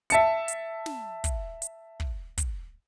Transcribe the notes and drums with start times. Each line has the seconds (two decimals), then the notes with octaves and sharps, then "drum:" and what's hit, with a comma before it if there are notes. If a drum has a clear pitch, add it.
0.10 E5 A5 C#7, drum: hi-hat
0.48 drum: hi-hat
0.86 drum: snare
1.24 drum: kick, hi-hat
1.62 drum: hi-hat
2.00 drum: kick
2.38 drum: kick, hi-hat